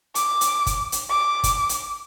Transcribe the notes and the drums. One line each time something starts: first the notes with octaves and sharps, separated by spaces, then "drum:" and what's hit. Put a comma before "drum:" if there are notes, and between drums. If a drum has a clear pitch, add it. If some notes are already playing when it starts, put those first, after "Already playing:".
D6, drum: hi-hat
drum: hi-hat
drum: kick, hi-hat
drum: hi-hat
D6
drum: kick, hi-hat
drum: hi-hat